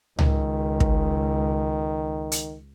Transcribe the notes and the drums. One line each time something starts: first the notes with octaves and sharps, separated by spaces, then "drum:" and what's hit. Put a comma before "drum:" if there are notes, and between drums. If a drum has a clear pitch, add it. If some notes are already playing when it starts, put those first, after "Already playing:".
C#2 D#3, drum: tom C#2
drum: kick
drum: hi-hat